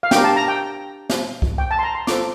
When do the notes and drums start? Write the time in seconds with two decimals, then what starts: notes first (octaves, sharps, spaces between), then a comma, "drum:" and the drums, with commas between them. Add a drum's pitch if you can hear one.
0.03 F5
0.11 D4 G4 A#4 G5, drum: snare
0.24 A5
0.36 A#5
0.48 G5
1.10 drum: snare
1.42 drum: kick C2
1.58 G5
1.71 A5
1.79 C6
1.83 A#5
1.95 C6
2.07 F4 A4 C5 D6, drum: snare